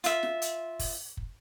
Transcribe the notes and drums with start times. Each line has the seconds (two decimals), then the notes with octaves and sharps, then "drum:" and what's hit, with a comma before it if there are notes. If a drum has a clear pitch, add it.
0.04 F4 E5, drum: hi-hat
0.23 drum: snare
0.42 drum: hi-hat
0.79 drum: kick, open hi-hat
1.17 drum: kick